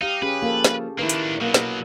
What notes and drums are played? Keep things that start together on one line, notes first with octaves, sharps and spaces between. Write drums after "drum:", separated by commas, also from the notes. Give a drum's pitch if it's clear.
D#4 G4 F5
C#4 G4 G#4 B4
F3 A#3 G4 A4
drum: snare
D#3 A#3 D4 E4 B4
drum: hi-hat
B2 F#3 A#3
drum: snare